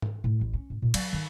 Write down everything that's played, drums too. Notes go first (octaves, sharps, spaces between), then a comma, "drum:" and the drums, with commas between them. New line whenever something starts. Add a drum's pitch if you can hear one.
drum: tom G#2
A2
A1
C#4
A2
A#2
F#3, drum: cymbal
D#3